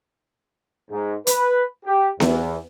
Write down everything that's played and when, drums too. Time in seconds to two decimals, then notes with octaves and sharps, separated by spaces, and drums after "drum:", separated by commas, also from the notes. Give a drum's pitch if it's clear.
0.91 G#2
1.27 B4, drum: hi-hat
1.85 G4
2.20 E2, drum: snare B3